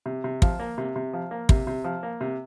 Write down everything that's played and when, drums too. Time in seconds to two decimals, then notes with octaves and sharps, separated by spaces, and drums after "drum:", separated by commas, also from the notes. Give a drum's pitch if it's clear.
0.06 C3
0.24 C3
0.42 F3, drum: kick
0.60 A#3
0.78 C3
0.96 C3
1.13 F3
1.31 A#3
1.49 C3, drum: kick
1.67 C3
1.84 F3
2.03 A#3
2.21 C3